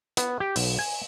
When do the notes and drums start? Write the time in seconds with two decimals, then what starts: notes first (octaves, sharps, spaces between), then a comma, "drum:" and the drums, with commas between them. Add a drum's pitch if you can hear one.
0.17 B3, drum: hi-hat
0.40 G4
0.56 B1, drum: open hi-hat
0.79 G#5